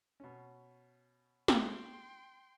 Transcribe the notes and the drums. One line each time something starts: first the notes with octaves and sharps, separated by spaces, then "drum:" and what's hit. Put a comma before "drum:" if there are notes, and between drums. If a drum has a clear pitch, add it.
B2 C#4
G5 C6, drum: snare